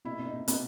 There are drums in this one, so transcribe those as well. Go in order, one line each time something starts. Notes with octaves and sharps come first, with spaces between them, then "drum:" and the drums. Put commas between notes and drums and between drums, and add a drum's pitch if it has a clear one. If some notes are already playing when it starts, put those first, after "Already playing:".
B2 E4
B2
D#4
B2
B2 B3, drum: hi-hat